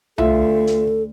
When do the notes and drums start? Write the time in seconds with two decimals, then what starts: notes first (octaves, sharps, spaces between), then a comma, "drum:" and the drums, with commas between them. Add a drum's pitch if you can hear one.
0.18 D2 F4 A4 E5, drum: tom C2
0.67 drum: hi-hat